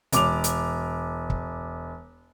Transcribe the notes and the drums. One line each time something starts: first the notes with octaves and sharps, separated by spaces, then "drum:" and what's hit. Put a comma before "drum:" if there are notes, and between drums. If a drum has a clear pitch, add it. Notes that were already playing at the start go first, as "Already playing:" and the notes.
E1 D6 F7, drum: hi-hat
drum: hi-hat
drum: kick